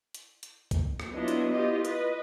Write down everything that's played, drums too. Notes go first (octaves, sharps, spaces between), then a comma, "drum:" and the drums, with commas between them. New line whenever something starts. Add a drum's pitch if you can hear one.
drum: hi-hat
drum: hi-hat
drum: kick C#2, hi-hat
drum: rim click
F#3 B3 D4 E4 F4 D#5
drum: hi-hat
E4 F4 G4 D#5
B4 D#5, drum: hi-hat